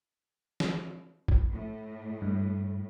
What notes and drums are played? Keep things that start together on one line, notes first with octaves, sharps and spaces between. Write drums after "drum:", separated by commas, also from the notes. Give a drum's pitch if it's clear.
drum: snare
drum: kick G1
A2
G2